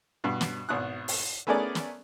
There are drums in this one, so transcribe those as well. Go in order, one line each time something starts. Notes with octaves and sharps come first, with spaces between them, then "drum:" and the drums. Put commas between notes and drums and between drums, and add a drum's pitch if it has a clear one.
G2 B2
drum: snare
G#1 B2 D#6 F#6
drum: open hi-hat
A3 B3 C#4 G#4 A#4 D5
drum: snare